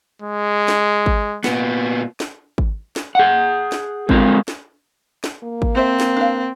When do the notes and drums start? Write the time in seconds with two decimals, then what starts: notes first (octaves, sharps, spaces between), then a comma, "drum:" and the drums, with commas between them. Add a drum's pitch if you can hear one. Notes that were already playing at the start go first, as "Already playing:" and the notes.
0.22 G#3
0.68 drum: snare
1.06 drum: kick G#1
1.44 A#2 B3, drum: snare
2.20 drum: snare
2.58 drum: kick G#1
2.96 drum: snare
3.15 G#4 F#5
3.72 drum: snare
4.09 G#3 C4 F4 A#4, drum: kick G#1
4.48 drum: snare
5.24 drum: snare
5.44 A#3
5.62 drum: kick G#1
5.75 C4 A4 C5 E5
6.00 drum: snare
6.17 D4 B4 F5